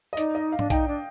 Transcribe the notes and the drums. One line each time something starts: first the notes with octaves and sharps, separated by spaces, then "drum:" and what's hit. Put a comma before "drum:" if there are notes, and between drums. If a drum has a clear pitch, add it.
D#5
D#4 D5, drum: hi-hat
D#5
F5
D4, drum: tom G#2
D#4 G5, drum: kick B1, hi-hat
D4